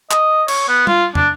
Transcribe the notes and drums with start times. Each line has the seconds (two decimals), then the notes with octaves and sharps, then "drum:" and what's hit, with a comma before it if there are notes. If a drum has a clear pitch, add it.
0.11 D#5, drum: clap
0.48 C#5, drum: cymbal
0.68 B3
0.87 F4, drum: tom
1.15 D4, drum: tom